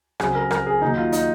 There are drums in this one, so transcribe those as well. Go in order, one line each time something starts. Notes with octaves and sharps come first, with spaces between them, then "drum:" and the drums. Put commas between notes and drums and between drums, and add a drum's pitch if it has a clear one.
C#3 F#3 C4 G#4, drum: rim click
A#4
A#4, drum: rim click
G#4
D#3 F#3 A#3 D#4
F4
D#4, drum: hi-hat